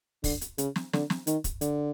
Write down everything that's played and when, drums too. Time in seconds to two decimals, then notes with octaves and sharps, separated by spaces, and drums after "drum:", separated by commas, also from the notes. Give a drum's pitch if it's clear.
0.24 D3, drum: kick, open hi-hat
0.41 drum: hi-hat
0.58 C#3, drum: hi-hat
0.76 drum: snare
0.93 D3, drum: snare
1.10 drum: snare
1.27 D#3, drum: hi-hat
1.44 drum: kick, hi-hat
1.61 D3, drum: hi-hat